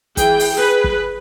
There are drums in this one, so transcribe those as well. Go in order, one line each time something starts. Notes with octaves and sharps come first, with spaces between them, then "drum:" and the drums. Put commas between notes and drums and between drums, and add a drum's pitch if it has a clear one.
E3 G#4 G5, drum: kick, hi-hat
drum: open hi-hat
G#4 B4
drum: kick